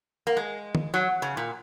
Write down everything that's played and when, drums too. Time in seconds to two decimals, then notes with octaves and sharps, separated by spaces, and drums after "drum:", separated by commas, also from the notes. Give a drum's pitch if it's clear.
0.27 A#3
0.37 G#3
0.75 drum: tom
0.94 F#3
1.22 C#3
1.37 A#2